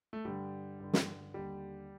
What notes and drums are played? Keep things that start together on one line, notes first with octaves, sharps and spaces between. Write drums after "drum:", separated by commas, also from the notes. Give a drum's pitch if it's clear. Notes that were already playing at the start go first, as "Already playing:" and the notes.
A3
G2 D3 G3
G2 D3
drum: snare
D#2 D3 G3